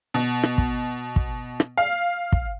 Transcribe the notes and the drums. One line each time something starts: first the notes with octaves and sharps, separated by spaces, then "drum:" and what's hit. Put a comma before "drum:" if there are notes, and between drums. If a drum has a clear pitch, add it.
B2
drum: rim click
drum: kick
drum: kick
drum: rim click
F5
drum: kick